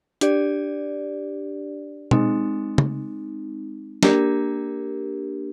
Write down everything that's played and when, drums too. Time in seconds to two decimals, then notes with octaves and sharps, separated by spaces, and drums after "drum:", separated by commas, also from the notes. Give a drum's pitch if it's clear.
0.21 D4 G4 D5, drum: hi-hat
2.11 G#3 C4 D#4, drum: tom B2
2.78 drum: tom
4.03 A#3 D4 G4 A#4, drum: snare